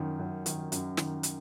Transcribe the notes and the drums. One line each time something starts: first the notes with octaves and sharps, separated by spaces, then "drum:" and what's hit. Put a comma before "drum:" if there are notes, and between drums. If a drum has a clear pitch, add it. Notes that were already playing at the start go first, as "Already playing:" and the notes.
Already playing: F#2 D#3
F#2
D#3, drum: hi-hat
F#2, drum: hi-hat
D#3, drum: snare
drum: hi-hat